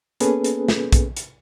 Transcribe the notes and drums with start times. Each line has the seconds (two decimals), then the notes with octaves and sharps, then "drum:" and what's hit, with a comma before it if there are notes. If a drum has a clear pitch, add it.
0.20 A#3 B3 C#4 G#4 A4 B4, drum: hi-hat
0.44 drum: hi-hat
0.68 drum: snare
0.93 drum: kick, hi-hat
1.17 drum: hi-hat